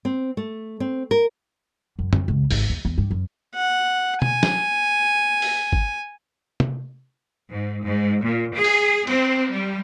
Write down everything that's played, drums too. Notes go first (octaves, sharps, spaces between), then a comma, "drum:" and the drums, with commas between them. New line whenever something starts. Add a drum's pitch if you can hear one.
C4
A3
C4
A#4
F#2
G3, drum: tom F#2
C#2
G#1, drum: open hi-hat
E2
E2
G2
F#2
F#5
G#5, drum: tom B2
drum: snare
drum: open hi-hat
drum: kick G1
drum: tom
G#2
G#2
A#2
G#4
drum: open hi-hat
C4, drum: cymbal
G3